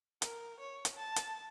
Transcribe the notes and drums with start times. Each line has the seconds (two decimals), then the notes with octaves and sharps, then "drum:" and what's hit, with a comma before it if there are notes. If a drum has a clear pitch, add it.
0.22 A#4, drum: hi-hat
0.60 C#5
0.85 drum: hi-hat
0.96 A5
1.16 drum: hi-hat